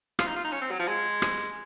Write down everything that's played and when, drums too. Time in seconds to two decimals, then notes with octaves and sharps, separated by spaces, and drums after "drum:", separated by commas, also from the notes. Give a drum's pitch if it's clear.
0.19 F4, drum: rim click
0.27 D#4
0.36 F4
0.44 D#4
0.52 C#4
0.61 C4
0.71 F#3
0.79 F3
0.88 G#3
1.22 drum: rim click